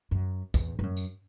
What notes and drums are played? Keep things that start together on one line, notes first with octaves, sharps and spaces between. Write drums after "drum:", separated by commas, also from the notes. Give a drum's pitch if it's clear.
F#2
E2, drum: kick, tambourine
G2
F#2
drum: tambourine